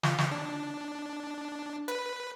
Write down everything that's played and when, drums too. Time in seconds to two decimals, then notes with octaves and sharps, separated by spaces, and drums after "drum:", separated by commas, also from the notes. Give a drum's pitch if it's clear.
0.03 F4, drum: snare
0.18 drum: snare
0.31 D4
1.88 B4, drum: hi-hat